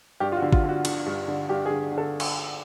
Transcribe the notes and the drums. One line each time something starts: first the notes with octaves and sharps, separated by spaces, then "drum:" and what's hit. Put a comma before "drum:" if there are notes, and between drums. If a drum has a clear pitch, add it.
G2 G4
F4
F#4
D3
F4, drum: kick
D3
F#4
D3, drum: cymbal
G2
D3
G2 G4
G#4
D3
D3
A4
drum: cymbal